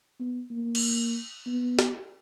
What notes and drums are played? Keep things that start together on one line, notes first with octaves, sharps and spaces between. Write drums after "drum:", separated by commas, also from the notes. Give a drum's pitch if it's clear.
B3
A#3
drum: cymbal
B3
drum: snare